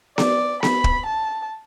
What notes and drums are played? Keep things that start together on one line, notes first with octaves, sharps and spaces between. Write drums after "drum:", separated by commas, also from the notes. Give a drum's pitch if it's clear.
D5, drum: snare B3
B5, drum: snare B3
drum: kick
A5